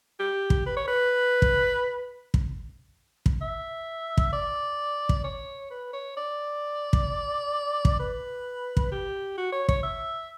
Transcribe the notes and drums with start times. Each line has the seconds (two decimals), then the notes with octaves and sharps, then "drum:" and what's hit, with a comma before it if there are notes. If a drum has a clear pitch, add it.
0.20 G4
0.50 drum: kick
0.66 B4
0.76 C#5
0.88 B4
1.42 drum: kick
2.34 drum: kick
3.26 drum: kick
3.42 E5
4.17 drum: kick
4.33 D5
5.09 drum: kick
5.24 C#5
5.71 B4
5.93 C#5
6.17 D5
6.93 drum: kick
7.85 drum: kick
7.99 B4
8.77 drum: kick
8.92 G4
9.38 F#4
9.53 C#5
9.69 C#5, drum: kick
9.83 E5